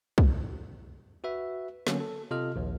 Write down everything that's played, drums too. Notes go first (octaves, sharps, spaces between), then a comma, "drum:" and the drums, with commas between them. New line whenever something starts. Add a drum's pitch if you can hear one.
drum: kick
F#4 B4 E5
D3 F#3 A#3 B3 C#4, drum: snare
A4
C3 F4 A4 D#5 F6
A#1 D#2